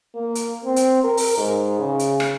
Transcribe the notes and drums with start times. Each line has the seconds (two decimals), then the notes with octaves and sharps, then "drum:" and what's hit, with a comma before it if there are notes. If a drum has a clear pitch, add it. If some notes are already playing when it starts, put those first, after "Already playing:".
0.15 A#3
0.35 drum: hi-hat
0.64 C4
0.76 drum: hi-hat
1.04 A#4
1.17 drum: open hi-hat
1.38 G#2
1.79 C#3
1.99 drum: hi-hat
2.20 drum: rim click